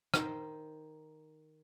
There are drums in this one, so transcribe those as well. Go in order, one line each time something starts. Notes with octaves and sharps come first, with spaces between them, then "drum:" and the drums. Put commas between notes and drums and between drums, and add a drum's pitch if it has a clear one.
D#3 C5, drum: rim click